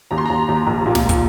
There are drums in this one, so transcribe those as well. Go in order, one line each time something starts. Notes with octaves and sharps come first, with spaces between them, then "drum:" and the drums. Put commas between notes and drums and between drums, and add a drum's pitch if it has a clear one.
D#2 A#5
C6
D#2 A#5
D#2
A#1
A#2
drum: snare
drum: kick, hi-hat